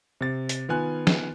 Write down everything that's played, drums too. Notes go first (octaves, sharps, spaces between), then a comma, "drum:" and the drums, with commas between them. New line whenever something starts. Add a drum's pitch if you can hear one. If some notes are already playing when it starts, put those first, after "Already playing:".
C3 A6
drum: hi-hat
D#3 B3 F4 G#5 F#6
drum: snare